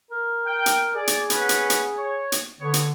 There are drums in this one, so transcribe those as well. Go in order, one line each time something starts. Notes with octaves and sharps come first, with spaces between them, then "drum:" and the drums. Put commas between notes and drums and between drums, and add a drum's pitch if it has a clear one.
A#4
G5
drum: hi-hat
G#4 D5
drum: hi-hat
C#4 B4 F#5, drum: hi-hat
drum: hi-hat
drum: hi-hat
C#5
drum: hi-hat
D3 B3 C#5
drum: hi-hat